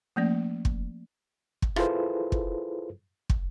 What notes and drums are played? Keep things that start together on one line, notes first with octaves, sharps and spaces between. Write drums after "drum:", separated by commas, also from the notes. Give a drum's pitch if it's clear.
F3 A3 A#3 C#4 D5
drum: kick
drum: kick
E4 F4 G#4 A4 B4 C5, drum: rim click
drum: kick
drum: kick